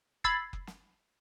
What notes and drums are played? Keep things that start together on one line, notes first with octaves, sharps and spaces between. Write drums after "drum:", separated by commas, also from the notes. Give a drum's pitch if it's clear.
B5 E6 G#6 A6 C7, drum: kick F#1
drum: kick F#1
drum: snare